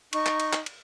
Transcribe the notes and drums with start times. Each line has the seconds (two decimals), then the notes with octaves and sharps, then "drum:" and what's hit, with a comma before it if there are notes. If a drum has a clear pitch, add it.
0.13 D#4 C#6, drum: cymbal
0.26 drum: clap
0.40 drum: cymbal
0.53 drum: clap
0.66 drum: cymbal